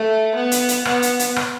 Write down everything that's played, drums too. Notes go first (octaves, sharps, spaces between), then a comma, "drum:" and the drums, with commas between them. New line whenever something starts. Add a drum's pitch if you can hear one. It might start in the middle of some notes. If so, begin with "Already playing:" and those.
Already playing: A3
B3
drum: hi-hat
drum: hi-hat
B3, drum: rim click
drum: hi-hat
drum: hi-hat
drum: rim click